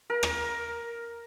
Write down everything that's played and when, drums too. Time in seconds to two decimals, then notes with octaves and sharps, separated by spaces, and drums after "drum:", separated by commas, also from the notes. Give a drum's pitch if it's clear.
0.10 A#4
0.23 drum: rim click